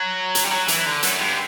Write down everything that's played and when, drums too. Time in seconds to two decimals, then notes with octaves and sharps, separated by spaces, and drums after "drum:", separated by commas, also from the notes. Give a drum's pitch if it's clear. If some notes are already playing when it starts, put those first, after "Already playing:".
Already playing: F#3
0.35 drum: hi-hat
0.44 G3
0.51 F#3
0.68 E3, drum: hi-hat
0.86 D3
1.03 F#2, drum: hi-hat
1.19 G2